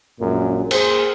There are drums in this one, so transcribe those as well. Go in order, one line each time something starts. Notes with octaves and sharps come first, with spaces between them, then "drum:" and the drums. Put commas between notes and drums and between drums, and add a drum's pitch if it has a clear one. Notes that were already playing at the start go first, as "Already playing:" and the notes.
A#1 F#2 A#2 G#3
A#3 G#4 C5, drum: cymbal